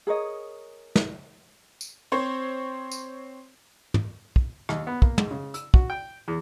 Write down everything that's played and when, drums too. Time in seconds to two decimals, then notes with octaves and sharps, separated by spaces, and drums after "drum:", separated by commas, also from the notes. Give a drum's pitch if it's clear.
0.07 G#4 A#4 C#5 D#5
0.96 drum: snare
1.81 drum: tambourine
2.12 C4 C5 C#5
2.92 drum: tambourine
3.94 drum: tom
4.36 drum: kick
4.69 D#2, drum: rim click
4.87 B3
5.02 A#3, drum: kick
5.18 G#2, drum: tom
5.31 C#3
5.54 E6, drum: hi-hat
5.74 F#4, drum: kick
5.90 G5
6.28 E2